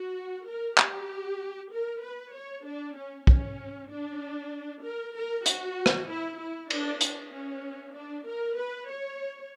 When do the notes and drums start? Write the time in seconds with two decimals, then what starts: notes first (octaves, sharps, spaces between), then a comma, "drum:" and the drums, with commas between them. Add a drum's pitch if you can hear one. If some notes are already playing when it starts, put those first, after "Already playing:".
Already playing: F#4
0.47 A#4
0.78 G4, drum: clap
1.72 A#4
2.03 B4
2.34 C#5
2.65 D4
2.96 C#4
3.27 C#4, drum: kick
3.89 D4
4.83 A#4
5.15 A#4
5.46 F#4, drum: hi-hat
5.86 drum: rim click
6.08 E4
6.39 E4
6.70 D4, drum: cymbal
7.01 D4, drum: hi-hat
7.32 C#4
7.94 D4
8.26 A#4
8.57 B4
8.89 C#5